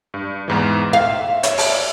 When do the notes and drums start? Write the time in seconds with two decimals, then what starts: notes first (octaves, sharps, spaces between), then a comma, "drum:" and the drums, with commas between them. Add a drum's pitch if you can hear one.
0.14 G2
0.48 E2 G#2 E3
0.93 E5 F5
1.43 C#5 E5, drum: hi-hat
1.58 drum: open hi-hat